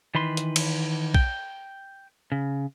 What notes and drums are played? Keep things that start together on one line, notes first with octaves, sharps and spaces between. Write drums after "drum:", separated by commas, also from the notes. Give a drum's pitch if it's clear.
D#3 E3 B4 C6
drum: hi-hat
drum: cymbal
G5, drum: kick
C#3